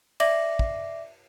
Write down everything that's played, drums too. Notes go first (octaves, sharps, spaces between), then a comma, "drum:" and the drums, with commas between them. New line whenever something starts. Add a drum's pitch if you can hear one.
D5 E5 D6 A#6 F#7, drum: cymbal
drum: kick